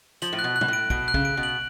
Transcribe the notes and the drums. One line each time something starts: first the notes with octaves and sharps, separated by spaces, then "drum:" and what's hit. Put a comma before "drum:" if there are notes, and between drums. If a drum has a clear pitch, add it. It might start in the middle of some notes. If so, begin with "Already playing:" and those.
F3 F#7, drum: hi-hat
A2
F#6
B2
F#6
B2, drum: tom
A2 D7
B2 D7, drum: kick
F#6
C#3, drum: kick
D7
B2
F#7